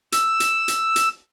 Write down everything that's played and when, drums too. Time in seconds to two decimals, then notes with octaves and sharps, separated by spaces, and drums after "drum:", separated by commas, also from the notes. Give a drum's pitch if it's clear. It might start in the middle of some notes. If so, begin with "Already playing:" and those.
0.12 E6, drum: hi-hat
0.40 drum: hi-hat
0.68 drum: hi-hat
0.96 drum: hi-hat